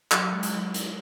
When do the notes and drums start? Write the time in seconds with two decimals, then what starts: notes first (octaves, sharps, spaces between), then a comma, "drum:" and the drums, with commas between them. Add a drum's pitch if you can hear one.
0.12 F#3, drum: clap
0.23 F#3
0.32 G#3
0.43 drum: hi-hat
0.54 F#3
0.74 drum: hi-hat